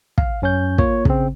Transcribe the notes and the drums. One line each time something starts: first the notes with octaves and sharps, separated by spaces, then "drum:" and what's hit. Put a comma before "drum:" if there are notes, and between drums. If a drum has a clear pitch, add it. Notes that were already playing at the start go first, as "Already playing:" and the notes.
F5, drum: kick
F#2 C#4 C#5 G6
A#3 F4 C#5, drum: kick
C#3 C4, drum: kick